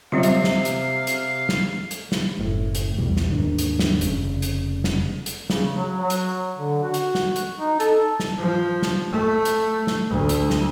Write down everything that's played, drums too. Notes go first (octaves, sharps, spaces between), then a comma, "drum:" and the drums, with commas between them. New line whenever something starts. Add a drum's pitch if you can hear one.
C3 F#3 G3 C4 F4 F5 C#7
drum: hi-hat
drum: snare
drum: hi-hat
drum: hi-hat
drum: snare
drum: hi-hat
drum: snare
F#1 A2
drum: hi-hat
B1 E2 B2 G3
drum: snare
D#2 G#2 D#3 D4
drum: hi-hat
drum: snare
F1 C#3, drum: hi-hat
drum: hi-hat
drum: snare
drum: hi-hat
C#3, drum: snare
F#3
F#3
drum: hi-hat
D3
F#4
drum: hi-hat
drum: snare
drum: hi-hat
D#4
A4, drum: hi-hat
drum: snare
F3
drum: snare
A3
drum: hi-hat
drum: snare
D2
drum: hi-hat
drum: snare